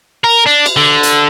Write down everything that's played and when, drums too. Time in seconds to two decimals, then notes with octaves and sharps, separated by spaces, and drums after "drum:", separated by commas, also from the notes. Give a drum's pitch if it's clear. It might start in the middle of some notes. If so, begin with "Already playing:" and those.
0.24 A#4
0.46 D4
0.66 drum: cymbal
0.76 D3
1.03 drum: hi-hat